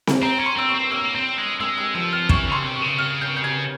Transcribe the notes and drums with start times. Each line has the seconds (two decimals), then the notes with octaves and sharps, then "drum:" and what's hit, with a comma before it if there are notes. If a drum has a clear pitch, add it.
0.07 drum: snare C4
0.23 C4 A#5
0.40 C#4
0.46 C6
0.57 C4 E6
0.69 C#6
0.75 C4
0.91 A#3 E6
1.15 C4
1.38 G#3
1.60 G#3 E6
1.78 E6
1.95 F3 E6
2.12 F6
2.29 E3 C#6, drum: kick
2.47 C#3 C6
2.63 C3
2.75 C#6
2.82 C#3
2.98 F6
3.22 G6
3.37 G6
3.44 G#6